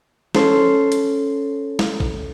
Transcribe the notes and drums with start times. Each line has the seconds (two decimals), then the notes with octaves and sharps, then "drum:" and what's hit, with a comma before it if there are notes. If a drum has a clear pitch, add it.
0.35 C#4 A4 C5, drum: snare
0.92 drum: hi-hat
1.79 drum: snare
2.00 drum: kick